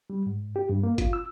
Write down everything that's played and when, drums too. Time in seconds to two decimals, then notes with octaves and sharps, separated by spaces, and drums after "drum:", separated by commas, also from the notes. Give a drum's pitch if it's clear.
0.10 G3
0.26 G#2
0.56 G4
0.69 G2
0.83 A#3
0.98 F4, drum: kick G1, hi-hat
1.13 E6